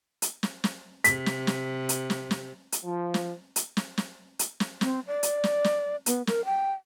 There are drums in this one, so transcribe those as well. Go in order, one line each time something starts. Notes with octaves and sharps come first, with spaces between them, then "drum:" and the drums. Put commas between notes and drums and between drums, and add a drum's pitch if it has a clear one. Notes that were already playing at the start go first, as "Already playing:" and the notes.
drum: hi-hat
drum: snare
drum: snare
C3 B6, drum: hi-hat
drum: snare
drum: snare
drum: hi-hat
drum: snare
drum: snare
drum: hi-hat
F3
drum: snare
drum: hi-hat
drum: snare
drum: snare
drum: hi-hat
drum: snare
C4, drum: snare
D5
drum: hi-hat
drum: snare
drum: snare
B3, drum: hi-hat
A#4, drum: snare
G5